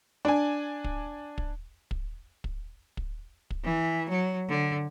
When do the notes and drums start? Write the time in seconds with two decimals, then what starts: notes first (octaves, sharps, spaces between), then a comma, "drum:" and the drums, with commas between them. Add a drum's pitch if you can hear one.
0.25 D4 G#5
0.84 drum: kick
1.38 drum: kick
1.91 drum: kick
2.44 drum: kick
2.97 drum: kick
3.50 drum: kick
3.64 E3
4.09 F#3
4.49 D3